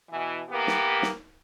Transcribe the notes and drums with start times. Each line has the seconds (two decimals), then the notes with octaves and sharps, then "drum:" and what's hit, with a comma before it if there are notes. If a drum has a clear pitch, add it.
0.11 B2 E3
0.50 E3 A#3 B3 G4
0.67 drum: snare
1.02 drum: snare